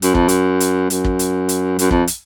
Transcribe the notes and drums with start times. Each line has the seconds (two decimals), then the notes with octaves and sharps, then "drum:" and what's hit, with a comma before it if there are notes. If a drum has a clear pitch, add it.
0.02 F#2, drum: hi-hat
0.15 F2, drum: kick
0.28 F#2, drum: hi-hat
0.60 drum: hi-hat
0.90 F#2, drum: hi-hat
1.05 drum: kick
1.19 drum: hi-hat
1.49 drum: hi-hat
1.79 F#2, drum: hi-hat
1.91 F2, drum: kick
2.07 drum: hi-hat